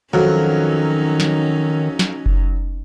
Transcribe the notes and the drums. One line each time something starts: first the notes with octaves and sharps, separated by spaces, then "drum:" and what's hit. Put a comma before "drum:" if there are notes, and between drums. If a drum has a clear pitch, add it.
F2 D#3 F#3 C#4 D#4
drum: snare
drum: snare
drum: kick F#1